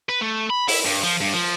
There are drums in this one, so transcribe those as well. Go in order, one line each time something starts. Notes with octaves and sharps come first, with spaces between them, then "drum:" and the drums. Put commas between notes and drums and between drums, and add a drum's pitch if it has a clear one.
B4
A3
B5
E4, drum: open hi-hat
G2
F3
G2
F3